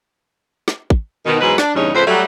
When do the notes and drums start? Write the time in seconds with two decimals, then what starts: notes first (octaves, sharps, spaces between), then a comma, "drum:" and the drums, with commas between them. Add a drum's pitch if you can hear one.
0.68 drum: snare
0.90 drum: kick
1.26 B2 D#3
1.40 E2 G#2 F#3 G#3 B4
1.58 D4, drum: snare
1.75 E2 G2 C#3 C#4 D#4 C#5
1.95 F2 A2 C#3 B4 C5
2.07 F#3 G3 A3